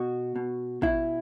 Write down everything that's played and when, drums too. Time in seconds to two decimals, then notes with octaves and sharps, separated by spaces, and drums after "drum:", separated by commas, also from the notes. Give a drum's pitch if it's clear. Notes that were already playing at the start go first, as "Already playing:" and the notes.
Already playing: B2 F#4
0.36 B2
0.82 B2 E4, drum: kick